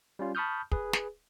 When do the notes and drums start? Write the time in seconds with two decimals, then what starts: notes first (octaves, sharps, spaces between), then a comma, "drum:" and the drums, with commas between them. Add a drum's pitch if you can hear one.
0.19 G3 C#4 F4
0.35 A5 B5 C#6 D#6 F6 G6
0.72 G#4 B4, drum: kick
0.93 drum: snare